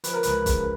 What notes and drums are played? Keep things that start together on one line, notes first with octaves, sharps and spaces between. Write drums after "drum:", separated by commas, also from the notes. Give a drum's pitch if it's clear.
F3 B4, drum: hi-hat
A#4
C#2 B4, drum: hi-hat
C#3, drum: kick, hi-hat